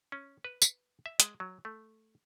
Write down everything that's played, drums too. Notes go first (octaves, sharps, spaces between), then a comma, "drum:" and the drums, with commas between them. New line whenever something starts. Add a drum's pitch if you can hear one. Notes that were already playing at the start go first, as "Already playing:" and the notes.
C#4
B4
drum: tambourine
E5
G#3, drum: hi-hat
F#3
A3